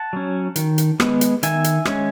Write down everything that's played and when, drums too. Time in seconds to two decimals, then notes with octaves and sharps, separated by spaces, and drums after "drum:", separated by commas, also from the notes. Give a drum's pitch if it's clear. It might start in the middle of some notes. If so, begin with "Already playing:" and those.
Already playing: F#5 A5
0.13 F#3 C#4
0.56 D#3, drum: hi-hat
0.78 drum: hi-hat
1.00 G#3 B3, drum: rim click
1.21 drum: hi-hat
1.43 D#3 E5 G#5, drum: hi-hat
1.64 drum: hi-hat
1.85 G#3 C#4, drum: rim click